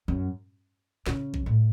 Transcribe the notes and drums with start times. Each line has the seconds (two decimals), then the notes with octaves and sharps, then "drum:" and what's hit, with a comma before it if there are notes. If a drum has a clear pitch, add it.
0.08 F#2
1.06 C#3, drum: snare
1.34 drum: kick A#1
1.46 A2